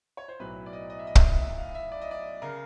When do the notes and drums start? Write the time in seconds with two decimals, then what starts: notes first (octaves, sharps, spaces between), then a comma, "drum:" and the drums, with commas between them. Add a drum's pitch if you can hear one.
0.17 C#5
0.28 C5
0.39 B1 A2 F#3 B4
0.66 D5
0.73 D#5
0.90 D#5
0.99 E5
1.07 D#5
1.15 E5, drum: kick
1.23 D#5
1.41 E5
1.58 F5
1.75 E5
1.92 D5
2.01 D#5
2.11 D5
2.42 C#3 A#4